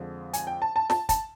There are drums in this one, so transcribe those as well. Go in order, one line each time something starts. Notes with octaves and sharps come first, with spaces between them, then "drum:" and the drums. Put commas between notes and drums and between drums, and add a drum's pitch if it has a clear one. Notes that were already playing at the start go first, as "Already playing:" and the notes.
Already playing: F2 D3 F3 G#3
G#5, drum: hi-hat
G5
A5
A5
A5, drum: snare
A5, drum: kick, hi-hat